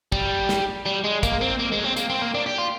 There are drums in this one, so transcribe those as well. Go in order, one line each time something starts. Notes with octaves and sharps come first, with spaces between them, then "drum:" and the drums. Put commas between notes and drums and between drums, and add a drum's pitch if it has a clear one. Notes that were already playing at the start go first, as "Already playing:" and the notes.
G3, drum: kick
drum: snare
G3
G#3
A#3, drum: kick, hi-hat
C4
A#3
G#3
C4
A#3, drum: hi-hat
C4
A#3
D4
G4
F4